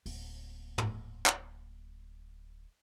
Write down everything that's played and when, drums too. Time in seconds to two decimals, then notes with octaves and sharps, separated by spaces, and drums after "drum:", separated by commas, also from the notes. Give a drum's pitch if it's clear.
0.06 D1 A#3, drum: open hi-hat
0.78 drum: tom
1.26 drum: clap